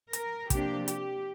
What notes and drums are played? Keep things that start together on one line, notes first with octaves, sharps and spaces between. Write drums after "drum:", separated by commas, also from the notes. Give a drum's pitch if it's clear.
A#4, drum: hi-hat
C3 F3 A#3 D4 G4, drum: kick, hi-hat
G4, drum: hi-hat